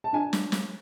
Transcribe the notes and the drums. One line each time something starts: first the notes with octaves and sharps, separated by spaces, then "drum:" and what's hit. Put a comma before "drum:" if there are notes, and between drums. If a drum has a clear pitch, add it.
A5
D4 G#5
drum: snare
drum: snare